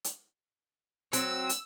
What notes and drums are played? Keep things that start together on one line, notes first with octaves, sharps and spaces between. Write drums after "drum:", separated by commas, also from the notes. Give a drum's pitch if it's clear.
drum: hi-hat
F#3 C4 E6, drum: hi-hat
drum: hi-hat